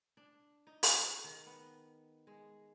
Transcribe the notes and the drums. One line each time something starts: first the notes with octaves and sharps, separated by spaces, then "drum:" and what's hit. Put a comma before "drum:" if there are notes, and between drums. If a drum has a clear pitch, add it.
D4
D#4
G#4, drum: open hi-hat
D#3
B3
G#3